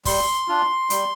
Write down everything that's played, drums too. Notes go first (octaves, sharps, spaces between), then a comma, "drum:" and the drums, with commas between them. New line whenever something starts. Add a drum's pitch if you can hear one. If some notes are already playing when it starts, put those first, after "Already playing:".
G3 C6, drum: kick, open hi-hat
D4 F4
G3, drum: hi-hat